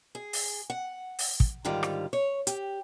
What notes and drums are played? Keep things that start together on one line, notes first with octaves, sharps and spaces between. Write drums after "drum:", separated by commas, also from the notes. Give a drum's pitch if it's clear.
G#4
drum: open hi-hat
F#5
drum: open hi-hat
drum: kick
G#2 D3 D#3 G3 F4
drum: rim click
C#5
G4, drum: hi-hat